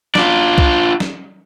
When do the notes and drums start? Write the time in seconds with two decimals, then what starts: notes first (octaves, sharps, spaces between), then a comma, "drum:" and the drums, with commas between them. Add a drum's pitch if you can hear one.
0.15 D4 F4, drum: snare
0.58 drum: kick C2
1.00 drum: snare